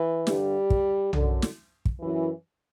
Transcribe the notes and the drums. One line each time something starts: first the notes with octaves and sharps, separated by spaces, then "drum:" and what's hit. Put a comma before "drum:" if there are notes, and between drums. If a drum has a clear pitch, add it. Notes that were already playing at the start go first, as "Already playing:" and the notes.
Already playing: E3
G2 D3 G3, drum: snare
drum: kick
F#2 D3, drum: tom B1
drum: snare
drum: kick
F#2 E3